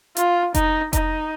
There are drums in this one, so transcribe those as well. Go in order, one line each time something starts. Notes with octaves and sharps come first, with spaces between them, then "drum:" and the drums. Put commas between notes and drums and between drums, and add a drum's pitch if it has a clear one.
F4, drum: hi-hat
D#4, drum: kick F1, hi-hat
D#4, drum: kick F1, hi-hat